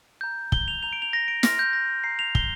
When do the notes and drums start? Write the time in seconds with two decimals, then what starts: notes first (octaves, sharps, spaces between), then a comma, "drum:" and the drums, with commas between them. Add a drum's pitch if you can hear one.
0.21 A#5 G6
0.52 G7, drum: kick
0.68 F7
0.82 A#5 G6 F7
0.93 D7
1.02 F7
1.13 A#6
1.28 D7
1.43 C6 F6 A#6, drum: snare
1.59 G6
1.73 A#6
2.04 A#5 G6 C7
2.19 F7
2.35 G7, drum: kick